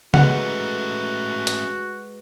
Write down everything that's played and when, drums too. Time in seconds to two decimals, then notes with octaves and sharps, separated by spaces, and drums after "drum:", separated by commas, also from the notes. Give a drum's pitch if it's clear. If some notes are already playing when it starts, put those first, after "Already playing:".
0.14 G#3 A3 C#4 F#4 B4 F#5, drum: tom C#3
1.47 drum: hi-hat